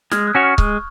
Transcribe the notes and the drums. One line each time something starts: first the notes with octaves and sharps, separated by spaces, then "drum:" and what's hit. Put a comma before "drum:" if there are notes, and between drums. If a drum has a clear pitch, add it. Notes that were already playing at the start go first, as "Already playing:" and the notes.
G#3 F6 G#6, drum: snare
D#6 F#6
C#4 F#4 C#5
C#6 F6
G#3, drum: kick C#1